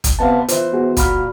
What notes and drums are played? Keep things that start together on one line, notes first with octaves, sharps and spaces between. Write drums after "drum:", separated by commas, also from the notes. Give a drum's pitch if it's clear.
drum: kick, hi-hat
C3 B3 C4 F5 A5
E3 F4 C5, drum: hi-hat
B3 F#4 G#4
A#2 F3 F#3 F#4 B5 F6, drum: kick, hi-hat